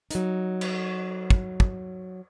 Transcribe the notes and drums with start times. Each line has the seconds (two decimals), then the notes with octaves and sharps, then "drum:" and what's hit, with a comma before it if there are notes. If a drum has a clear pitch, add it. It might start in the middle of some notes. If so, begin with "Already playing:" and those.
0.11 F#3 D#4, drum: hi-hat
0.61 drum: cymbal
1.30 drum: kick
1.60 drum: kick